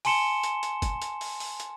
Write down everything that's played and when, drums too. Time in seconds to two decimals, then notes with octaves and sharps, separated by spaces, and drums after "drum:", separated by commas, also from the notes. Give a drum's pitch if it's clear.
0.05 G#5 A5 C6 C#7 E7 G7, drum: open hi-hat
0.43 drum: hi-hat
0.63 drum: hi-hat
0.82 drum: kick, hi-hat
1.02 drum: hi-hat
1.21 drum: open hi-hat
1.40 drum: open hi-hat
1.60 drum: hi-hat